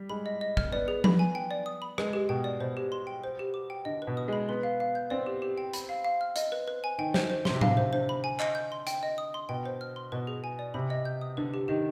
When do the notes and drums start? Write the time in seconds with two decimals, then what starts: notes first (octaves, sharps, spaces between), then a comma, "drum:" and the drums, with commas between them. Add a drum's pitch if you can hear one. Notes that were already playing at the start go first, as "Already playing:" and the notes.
Already playing: G3
0.09 G#3 B5
0.26 D#5
0.41 D#5
0.57 F6, drum: kick
0.72 B3 D5
0.88 G#4
1.04 B5, drum: tom F3
1.19 G#5
1.35 G5
1.51 D5
1.66 D#6
1.82 B5
1.98 G#3 B4, drum: rim click
2.13 G4
2.29 B2 G5
2.44 D5
2.60 B2 C5
2.77 G4
2.92 C6
3.07 G5
3.24 C5
3.39 G4
3.54 D6
3.70 G5
3.85 D3 D#5
4.02 B4
4.07 B2
4.17 D#6
4.28 G#3 B5
4.49 B3 C6
4.63 F5
4.80 F5
4.95 G6
5.10 C4 D5
5.26 G4
5.42 G4
5.58 G5
5.74 B5, drum: hi-hat
5.89 F5
6.05 F5
6.21 F6
6.36 D#5, drum: hi-hat
6.52 B4
6.68 B4
6.84 G#5
6.98 D#3 G5
7.14 C5, drum: snare
7.30 C5
7.45 C3 C6, drum: snare
7.61 D3 F5, drum: tom A2
7.77 C5
7.93 D3 C5
8.09 B5
8.24 G#5
8.40 D#5, drum: clap
8.55 G6
8.72 C6
8.87 G5, drum: hi-hat
9.03 D#5
9.18 D#6
9.34 C6
9.49 B2 G5
9.66 C5
9.81 F6
9.96 C6
10.12 B2 B4
10.27 G#4
10.44 G#5
10.59 D5
10.74 C3 B5
10.90 D#5
11.05 G6
11.21 D#6
11.37 D3 B4
11.54 G4
11.68 D#3 G4